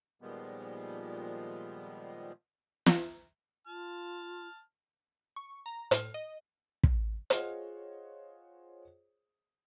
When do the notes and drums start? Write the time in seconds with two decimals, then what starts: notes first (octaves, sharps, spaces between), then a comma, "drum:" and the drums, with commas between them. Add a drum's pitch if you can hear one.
0.22 A#2 D#3 F3 G3 G#3 B3
2.86 drum: snare
3.67 F4 A5 F6
5.36 C#6
5.66 A#5
5.91 A2, drum: hi-hat
6.14 D#5
6.83 drum: kick
7.30 F4 G#4 C5 C#5 D#5 F#5, drum: hi-hat